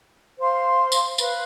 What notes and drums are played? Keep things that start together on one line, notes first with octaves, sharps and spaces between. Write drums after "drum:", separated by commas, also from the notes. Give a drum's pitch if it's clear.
C5 F5 C6
drum: tambourine
B4 F5 B5, drum: tambourine